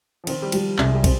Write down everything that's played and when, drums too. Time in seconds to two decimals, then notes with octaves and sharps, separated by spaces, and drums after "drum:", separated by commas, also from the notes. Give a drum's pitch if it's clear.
0.24 F3
0.27 D#3 C4, drum: cymbal
0.42 G3
0.52 F3 G3, drum: cymbal
0.78 C2 G#3, drum: clap
0.95 G3
1.04 C4, drum: kick, cymbal